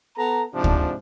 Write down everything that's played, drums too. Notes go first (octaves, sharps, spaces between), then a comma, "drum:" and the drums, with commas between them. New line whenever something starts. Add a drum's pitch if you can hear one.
B3 A4 A#5
G#2 C3 F3 D4
drum: kick